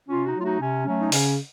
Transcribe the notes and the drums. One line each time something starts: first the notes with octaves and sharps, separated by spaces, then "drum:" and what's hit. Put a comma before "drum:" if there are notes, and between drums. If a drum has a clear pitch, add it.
C3 C#4 F4
D#4 F#4
F#3 A3 F4
D#4 F#4
C3 C#4
F#3 A3 C#4
D#4
C#3 C#4, drum: open hi-hat